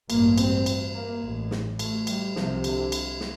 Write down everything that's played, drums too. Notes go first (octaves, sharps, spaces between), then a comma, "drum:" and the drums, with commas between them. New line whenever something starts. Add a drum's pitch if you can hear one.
A1 G2 A#3, drum: cymbal
C4, drum: cymbal
drum: cymbal
A#3
A1 A2
drum: snare
A3, drum: cymbal
G3, drum: cymbal
C2 C3 F3, drum: snare
D3, drum: cymbal
drum: cymbal
drum: snare